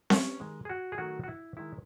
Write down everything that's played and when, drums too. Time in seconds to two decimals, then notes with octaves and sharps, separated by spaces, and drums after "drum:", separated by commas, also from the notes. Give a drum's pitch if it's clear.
0.10 C#4, drum: snare C4
0.40 D#3 G#3
0.65 G#4
0.70 F#4
0.92 G#4
0.98 D#3 F#3 A3 F#4
1.24 F#4
1.28 E4
1.57 D#3 G#3 E4